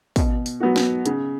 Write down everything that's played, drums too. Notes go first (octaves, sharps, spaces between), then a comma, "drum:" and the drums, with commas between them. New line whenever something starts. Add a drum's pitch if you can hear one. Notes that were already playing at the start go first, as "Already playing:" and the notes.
B2, drum: kick, open hi-hat
drum: open hi-hat
F#3 B3 F#4
drum: snare
C#3, drum: hi-hat